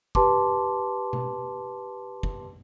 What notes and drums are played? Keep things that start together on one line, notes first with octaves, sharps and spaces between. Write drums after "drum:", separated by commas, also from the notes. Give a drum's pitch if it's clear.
G4 B4 A5 C6 D6, drum: kick
drum: tom B2
drum: kick